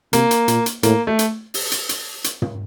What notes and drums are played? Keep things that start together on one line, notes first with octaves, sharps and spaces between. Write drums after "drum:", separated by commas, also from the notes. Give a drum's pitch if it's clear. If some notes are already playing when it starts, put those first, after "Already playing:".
C3 A#3, drum: hi-hat
drum: hi-hat
A#2, drum: hi-hat
drum: hi-hat
A2 A#3, drum: hi-hat
A3
drum: hi-hat
drum: open hi-hat
drum: hi-hat
drum: hi-hat
drum: hi-hat
drum: tom